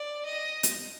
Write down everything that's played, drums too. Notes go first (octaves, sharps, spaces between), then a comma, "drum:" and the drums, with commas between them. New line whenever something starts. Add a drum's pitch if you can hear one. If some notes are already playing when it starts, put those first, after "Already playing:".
Already playing: D5
D#5
drum: hi-hat